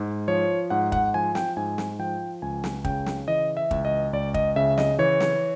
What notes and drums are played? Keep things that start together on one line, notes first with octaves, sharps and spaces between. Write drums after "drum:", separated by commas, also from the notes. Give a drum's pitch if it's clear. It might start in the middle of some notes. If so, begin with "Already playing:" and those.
Already playing: G#2
F3 C#5
G#2 F#5
F#5, drum: kick
F3 G#5
G5, drum: snare
G#2 G#5
drum: snare
F3 G5
C#2 G#5
drum: snare
C#3 G5, drum: kick
drum: snare
E3 D#5
E5
C#2, drum: kick
D#5
C#2 D5
D#5, drum: kick
C#3 E5
D#5, drum: snare
E3 C#5
drum: snare